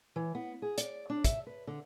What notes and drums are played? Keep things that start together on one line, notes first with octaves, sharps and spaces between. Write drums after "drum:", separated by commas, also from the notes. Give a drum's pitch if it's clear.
E3
B3
G#4
D5, drum: hi-hat
D4
E5, drum: kick, hi-hat
B4
D3